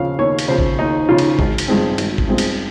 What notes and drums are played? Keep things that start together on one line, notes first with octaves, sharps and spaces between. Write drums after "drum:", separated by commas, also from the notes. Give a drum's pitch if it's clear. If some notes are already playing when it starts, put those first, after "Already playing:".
Already playing: D#2 C#3 F3 F5
D#2 C#5
drum: cymbal
C#3 F3 C5
drum: kick G#1
D#2 D#4
C#3 F3 F4
drum: cymbal
G#1, drum: kick G#1
drum: cymbal
G2 F3 G#3 C4
G#1, drum: cymbal
drum: kick G#1
G2 F3 G#3 C4
drum: cymbal